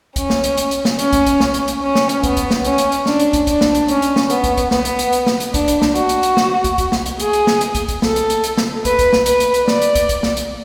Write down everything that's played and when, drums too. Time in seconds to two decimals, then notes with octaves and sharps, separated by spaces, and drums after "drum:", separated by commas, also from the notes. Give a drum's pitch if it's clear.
0.16 C#4, drum: kick, hi-hat
0.30 drum: snare
0.44 drum: hi-hat
0.57 drum: hi-hat
0.71 drum: hi-hat
0.85 drum: snare
0.99 C#4, drum: hi-hat
1.13 drum: kick, hi-hat
1.26 drum: kick, hi-hat
1.40 drum: snare
1.54 drum: hi-hat
1.68 drum: hi-hat
1.82 C#4
1.95 drum: snare
2.09 drum: hi-hat
2.23 B3, drum: kick, hi-hat
2.37 drum: kick, hi-hat
2.51 drum: snare
2.64 C#4, drum: hi-hat
2.78 drum: hi-hat
2.92 drum: hi-hat
3.06 D4, drum: snare
3.20 drum: hi-hat
3.33 drum: kick, hi-hat
3.47 D4, drum: kick, hi-hat
3.61 drum: snare
3.75 drum: hi-hat
3.88 C#4, drum: hi-hat
4.02 drum: hi-hat
4.16 drum: snare
4.30 B3, drum: hi-hat
4.44 drum: kick, hi-hat
4.57 drum: kick, hi-hat
4.71 B3, drum: snare
4.85 drum: hi-hat
4.99 drum: hi-hat
5.13 drum: hi-hat
5.26 drum: snare
5.40 drum: hi-hat
5.54 D4, drum: kick, hi-hat
5.68 drum: kick, hi-hat
5.82 drum: snare
5.95 F#4, drum: hi-hat
6.09 drum: hi-hat
6.23 drum: hi-hat
6.37 drum: snare
6.64 drum: kick, hi-hat
6.78 drum: kick, hi-hat
6.92 drum: snare
7.06 drum: hi-hat
7.20 G#4, drum: hi-hat
7.33 drum: hi-hat
7.47 drum: snare
7.61 drum: hi-hat
7.75 drum: kick, hi-hat
7.89 drum: kick, hi-hat
8.02 A4, drum: snare
8.16 drum: hi-hat
8.30 drum: hi-hat
8.44 drum: hi-hat
8.57 drum: snare
8.85 B4, drum: kick, hi-hat
8.99 drum: kick, hi-hat
9.13 drum: snare
9.26 B4, drum: hi-hat
9.40 drum: hi-hat
9.54 drum: hi-hat
9.68 D5, drum: snare
9.82 drum: hi-hat
9.95 drum: kick, hi-hat
10.09 drum: kick, hi-hat
10.23 drum: snare
10.37 drum: hi-hat